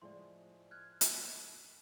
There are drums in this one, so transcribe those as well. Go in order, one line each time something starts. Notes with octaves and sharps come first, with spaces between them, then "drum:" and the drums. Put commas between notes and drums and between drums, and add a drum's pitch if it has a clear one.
A2 F3 G#3 D5 C6
F6 F#6 G#6
drum: hi-hat